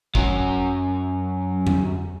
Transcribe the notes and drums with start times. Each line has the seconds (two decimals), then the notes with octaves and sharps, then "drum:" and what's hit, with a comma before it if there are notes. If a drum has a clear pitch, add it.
0.15 F#2 F#3, drum: kick
1.67 drum: tom F2